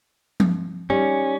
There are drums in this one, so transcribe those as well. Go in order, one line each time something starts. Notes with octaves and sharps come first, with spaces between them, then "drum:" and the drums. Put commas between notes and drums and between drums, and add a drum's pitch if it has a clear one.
drum: tom F3
G3 C#4 D#4